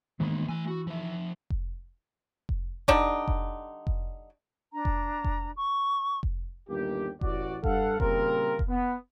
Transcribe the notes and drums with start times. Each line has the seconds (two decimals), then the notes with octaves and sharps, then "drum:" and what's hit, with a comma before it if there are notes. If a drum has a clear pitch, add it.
0.20 D#3 E3 G#3 A#3 B3
0.49 E3 A3 G#5
0.68 F#4
0.87 F3 E5
1.50 drum: kick F1
2.49 drum: kick F1
2.88 D3 G3 D4 D#4, drum: kick F1
3.28 drum: kick F1
3.87 drum: kick F1
4.73 D4 A#5
4.85 drum: kick F1
5.24 drum: kick F1
5.56 C#6
6.23 drum: kick F1
6.70 G1 D#2 G3 A#3 G4
7.21 A1 F#4 D5, drum: kick F1
7.64 G2 A4 F5 F#5, drum: kick F1
8.00 A#2 C#3 G3 C4 F4 A#4, drum: kick F1
8.59 drum: kick F1
8.69 B3